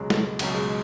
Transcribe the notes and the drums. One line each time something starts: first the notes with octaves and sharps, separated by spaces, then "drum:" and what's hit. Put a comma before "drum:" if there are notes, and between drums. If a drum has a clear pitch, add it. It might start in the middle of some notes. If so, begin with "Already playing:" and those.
Already playing: C#2 B2 F#3 G#3
drum: snare
C#2 B2 F#3, drum: cymbal
G#3